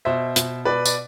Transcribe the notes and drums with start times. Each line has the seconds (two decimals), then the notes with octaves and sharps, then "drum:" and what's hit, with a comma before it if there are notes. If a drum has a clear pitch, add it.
0.05 B2 C5 E5
0.36 B2, drum: hi-hat
0.65 B2 B4 D5
0.85 D5, drum: tambourine